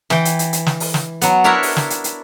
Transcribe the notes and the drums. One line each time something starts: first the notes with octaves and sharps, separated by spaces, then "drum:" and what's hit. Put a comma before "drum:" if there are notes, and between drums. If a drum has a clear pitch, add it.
E3 G5, drum: snare
drum: hi-hat
drum: hi-hat
drum: hi-hat
drum: snare
drum: open hi-hat
drum: snare
F#3 B3, drum: hi-hat
D4 E4 A#4 C#5 E5 F#5
drum: open hi-hat
drum: snare
drum: hi-hat
drum: hi-hat